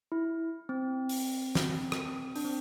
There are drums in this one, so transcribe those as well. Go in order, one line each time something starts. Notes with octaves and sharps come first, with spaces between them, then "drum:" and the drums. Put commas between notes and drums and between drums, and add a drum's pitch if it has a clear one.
E4
C4
drum: open hi-hat
drum: snare
drum: rim click
D4, drum: open hi-hat
C4